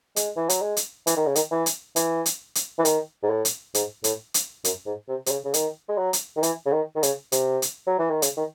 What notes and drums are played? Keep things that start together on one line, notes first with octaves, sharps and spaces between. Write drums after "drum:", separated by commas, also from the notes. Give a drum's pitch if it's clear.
G#3, drum: hi-hat
E3
F#3, drum: hi-hat
G#3
drum: hi-hat
E3, drum: hi-hat
D#3
C#3
D#3, drum: hi-hat
E3
drum: hi-hat
E3, drum: hi-hat
drum: hi-hat
drum: hi-hat
E3
D#3, drum: hi-hat
G#2
A2
drum: hi-hat
G#2, drum: hi-hat
A2, drum: hi-hat
drum: hi-hat
F#2, drum: hi-hat
G#2
C3
C3, drum: hi-hat
C#3
C#3
D#3, drum: hi-hat
G#3
F#3
drum: hi-hat
D#3
E3, drum: hi-hat
C#3
D#3
D#3
C#3, drum: hi-hat
C3, drum: hi-hat
drum: hi-hat
F#3
E3
D#3
C#3, drum: hi-hat
D#3